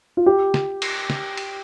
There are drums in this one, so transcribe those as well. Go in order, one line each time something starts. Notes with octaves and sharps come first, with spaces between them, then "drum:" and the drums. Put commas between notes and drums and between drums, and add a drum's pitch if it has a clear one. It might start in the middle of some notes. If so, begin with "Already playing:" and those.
F4
G4
drum: snare
drum: cymbal
drum: snare
drum: cymbal